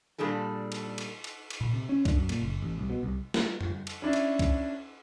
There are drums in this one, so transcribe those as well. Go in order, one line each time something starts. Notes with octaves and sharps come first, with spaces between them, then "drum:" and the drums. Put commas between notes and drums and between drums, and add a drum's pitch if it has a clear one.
A#2 G3 D4 G#4 A4
drum: cymbal
drum: cymbal
drum: cymbal
drum: cymbal
A#2
C3
C#4
D4, drum: kick C2, cymbal
F#2
A#2, drum: cymbal
F#1
A1
C2
B2
C2
drum: snare
drum: tom F2
drum: cymbal
C#4 D4 E4
drum: cymbal
drum: kick C2, cymbal